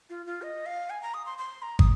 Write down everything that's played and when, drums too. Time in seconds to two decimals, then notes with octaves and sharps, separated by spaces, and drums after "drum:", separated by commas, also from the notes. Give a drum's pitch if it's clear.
0.10 F4
0.26 F4
0.42 D#5
0.66 F5
0.90 G#5
1.02 A#5
1.14 D#6
1.26 C6
1.38 C6
1.62 A#5
1.79 D#6, drum: kick